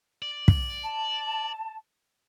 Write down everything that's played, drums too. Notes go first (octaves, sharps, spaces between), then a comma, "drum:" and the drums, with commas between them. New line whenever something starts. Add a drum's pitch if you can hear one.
D5
drum: kick
A5